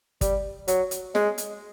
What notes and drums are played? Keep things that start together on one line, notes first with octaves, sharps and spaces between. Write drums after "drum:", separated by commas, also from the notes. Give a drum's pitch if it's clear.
G3, drum: kick, hi-hat
F#3, drum: hi-hat
drum: hi-hat
G#3, drum: snare
drum: hi-hat